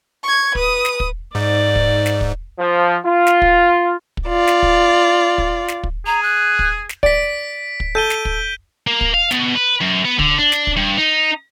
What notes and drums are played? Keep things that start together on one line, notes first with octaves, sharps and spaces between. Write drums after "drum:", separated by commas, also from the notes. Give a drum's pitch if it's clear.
C#6 G#6
B4 D#6, drum: kick
drum: snare
drum: kick
G#2 D5
drum: kick
drum: snare
drum: kick
F3
F4
drum: snare
drum: kick
drum: kick
F4 D5
drum: snare
drum: kick
drum: kick
drum: snare
drum: kick
G#4 A#5
F#6
drum: kick
drum: snare
D5 B6 D7, drum: kick
drum: kick
A4 G6 D#7 G7
drum: snare
drum: kick
A#3
drum: kick
F5
B2, drum: snare
B4
F#2
B3
D3, drum: kick
D4
drum: snare
drum: kick
G2
D#4